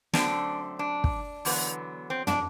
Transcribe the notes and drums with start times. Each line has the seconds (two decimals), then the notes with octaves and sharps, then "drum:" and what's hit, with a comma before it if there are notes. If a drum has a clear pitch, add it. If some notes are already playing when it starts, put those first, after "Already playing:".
0.13 F#2 D3 A3 C4 D4, drum: snare
0.79 D4
1.04 drum: kick
1.45 E2 D3 F#3 B3, drum: open hi-hat
2.10 C4
2.27 D4, drum: tom